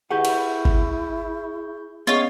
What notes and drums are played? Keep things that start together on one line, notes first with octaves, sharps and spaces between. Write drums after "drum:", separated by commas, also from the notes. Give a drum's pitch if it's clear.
E4 G4 G#4 B4 F#5 C#6 G6
drum: cymbal
drum: kick G1
B3 C#4 F4 G#4 C#5 D#5